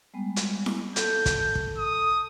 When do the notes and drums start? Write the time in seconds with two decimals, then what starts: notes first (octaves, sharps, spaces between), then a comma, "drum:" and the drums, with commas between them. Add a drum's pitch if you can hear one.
0.14 G3 G#3 B3
0.36 drum: hi-hat
0.66 drum: snare E4
0.96 A4 A5 G6, drum: hi-hat
1.26 drum: kick, hi-hat
1.55 drum: kick
1.78 D#6